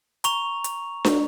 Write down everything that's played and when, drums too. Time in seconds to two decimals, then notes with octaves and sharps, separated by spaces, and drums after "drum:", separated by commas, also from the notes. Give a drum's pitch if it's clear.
0.24 A#5 C#6 F7, drum: hi-hat
0.64 drum: hi-hat
1.05 drum: snare D4